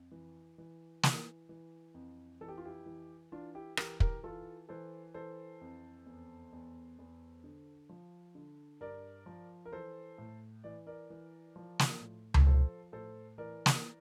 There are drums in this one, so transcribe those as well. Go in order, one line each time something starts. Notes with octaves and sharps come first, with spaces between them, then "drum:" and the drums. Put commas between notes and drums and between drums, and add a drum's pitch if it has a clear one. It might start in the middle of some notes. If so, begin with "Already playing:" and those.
Already playing: F2
E3
E3
E3, drum: snare
E3
F2
E3 A4
G4
F4
E4 G4
E3
E3 D4 F4
E4 G4
E3 G4 A#4, drum: rim click
G4 A#4, drum: kick
E3 F4 A4
E3 A4 C5
E3 A4 C5
F2
E2
E2
E2
D3
F3
D3
G2 A#4 D5
F3
A#4
E3 A4 C5
A2
E3 D5
A#4 D5
E3
F3
drum: snare
A2
drum: tom C#2
F3 A4 C5
A2 A4 C5
E3 A#4 D5
drum: snare